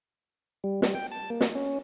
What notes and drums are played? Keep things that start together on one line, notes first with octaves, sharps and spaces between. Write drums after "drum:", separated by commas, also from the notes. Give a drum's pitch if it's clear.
G3
G3, drum: snare
G5
A5
A#3
drum: snare
C#4